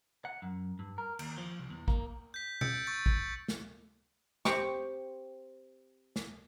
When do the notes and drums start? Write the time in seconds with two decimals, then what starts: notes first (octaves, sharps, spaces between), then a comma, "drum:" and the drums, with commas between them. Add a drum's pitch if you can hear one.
0.25 F#5
0.42 F#2
0.79 G2
0.98 A#4
1.19 D#2, drum: cymbal
1.38 F3
1.59 C2
1.70 E2
1.88 A#3, drum: kick
2.34 G6 B6
2.61 E6 G6 A6 C#7 D7, drum: tom B2
2.87 C#6 E6 A6
3.06 drum: kick
3.48 drum: snare
4.45 C4 G4 C#6, drum: snare
6.16 drum: snare